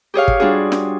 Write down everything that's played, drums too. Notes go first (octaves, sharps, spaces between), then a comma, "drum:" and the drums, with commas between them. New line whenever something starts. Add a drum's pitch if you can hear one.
G4 G#4 C#5 F5
drum: kick
G3 D4 F4 F#4 G#4
drum: snare